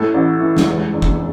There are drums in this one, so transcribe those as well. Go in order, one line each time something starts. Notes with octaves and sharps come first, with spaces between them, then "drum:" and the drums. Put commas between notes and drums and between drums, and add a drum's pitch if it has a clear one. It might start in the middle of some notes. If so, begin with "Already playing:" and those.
Already playing: A2 A4
A1
E3
drum: snare
E2
E1
drum: kick